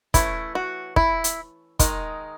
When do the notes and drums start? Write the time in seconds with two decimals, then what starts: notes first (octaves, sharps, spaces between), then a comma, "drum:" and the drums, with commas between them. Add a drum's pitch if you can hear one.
0.14 E3 A3 C#4 E4, drum: kick, hi-hat
0.55 F#4
0.96 E4, drum: kick
1.24 drum: hi-hat
1.79 D#3 G#3 D#4, drum: kick, hi-hat